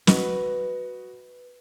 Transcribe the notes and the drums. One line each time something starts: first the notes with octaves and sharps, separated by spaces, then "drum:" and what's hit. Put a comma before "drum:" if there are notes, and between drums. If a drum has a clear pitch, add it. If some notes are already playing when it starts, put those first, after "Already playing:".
F#4 B4 D#5, drum: snare